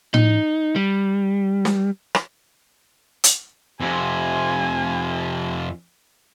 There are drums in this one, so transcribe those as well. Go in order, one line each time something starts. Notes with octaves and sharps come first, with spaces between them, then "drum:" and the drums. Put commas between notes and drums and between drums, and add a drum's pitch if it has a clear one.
D#4, drum: tom A2
G3
drum: snare
drum: rim click
drum: hi-hat
F2 C3 G#5